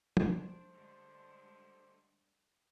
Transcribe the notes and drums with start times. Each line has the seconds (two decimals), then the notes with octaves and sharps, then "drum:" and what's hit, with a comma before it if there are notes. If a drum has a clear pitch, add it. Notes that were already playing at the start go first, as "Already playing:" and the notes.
0.17 A3 D4 C5, drum: tom
0.71 D3 G3 G#3